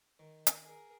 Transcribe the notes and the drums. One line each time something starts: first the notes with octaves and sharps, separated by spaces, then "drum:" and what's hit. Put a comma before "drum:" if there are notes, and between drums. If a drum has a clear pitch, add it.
D#3
drum: hi-hat
G#4 A#4